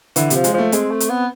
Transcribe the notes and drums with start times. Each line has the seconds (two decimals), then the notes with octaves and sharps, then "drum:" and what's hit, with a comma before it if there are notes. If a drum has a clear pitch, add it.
0.16 D3 E3, drum: hi-hat
0.30 C3 F3, drum: hi-hat
0.44 G#3, drum: hi-hat
0.54 F3 A3
0.72 G#3 C4, drum: hi-hat
0.91 A3
1.00 drum: hi-hat
1.10 B3